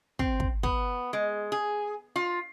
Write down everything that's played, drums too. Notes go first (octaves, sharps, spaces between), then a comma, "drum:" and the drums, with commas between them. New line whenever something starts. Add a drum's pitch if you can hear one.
C4, drum: kick
drum: kick
B3, drum: kick
G#3
G#4
F4